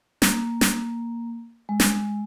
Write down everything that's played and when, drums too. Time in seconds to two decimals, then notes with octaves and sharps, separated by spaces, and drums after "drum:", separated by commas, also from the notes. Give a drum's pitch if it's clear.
0.22 A#3, drum: snare
0.61 drum: snare
1.69 G#3
1.80 drum: snare